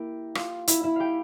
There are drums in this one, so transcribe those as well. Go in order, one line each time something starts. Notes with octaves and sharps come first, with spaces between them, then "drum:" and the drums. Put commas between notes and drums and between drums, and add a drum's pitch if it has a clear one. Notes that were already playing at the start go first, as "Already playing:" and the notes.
Already playing: A#3 E4 G4 A#4 E5 G5
F4 F5, drum: rim click
E4 E5, drum: hi-hat
E4 E5
G4 F5 G5